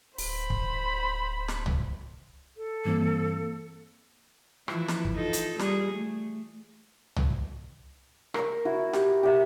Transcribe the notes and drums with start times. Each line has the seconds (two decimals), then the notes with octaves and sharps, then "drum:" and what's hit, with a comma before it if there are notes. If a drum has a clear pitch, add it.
0.18 D1 C5 B5, drum: open hi-hat
0.50 drum: kick
1.48 drum: snare
1.66 drum: tom C2
2.57 A4
2.85 G2 E3 A#3 C4
4.68 E3 F3 E4, drum: rim click
4.88 drum: snare
5.05 drum: kick
5.16 D#4 F4 A4
5.33 drum: hi-hat
5.59 G3 G#4, drum: snare
5.92 A3
7.16 drum: tom C2
8.34 A#4 C#6, drum: rim click
8.65 E4 F#4
8.93 G4, drum: snare
9.23 G4 E5 F#5